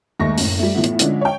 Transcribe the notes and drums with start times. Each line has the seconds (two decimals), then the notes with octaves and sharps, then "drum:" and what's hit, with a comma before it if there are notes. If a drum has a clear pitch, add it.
0.20 D#2 G#3 A3 C#6 A#6
0.38 F#1 A2, drum: open hi-hat
0.59 G3 A3
0.74 A2 E3 F3 A3 B3
0.84 drum: hi-hat
0.99 D3 F3 G#3 C#4 D4 E4, drum: hi-hat
1.21 C#5 G5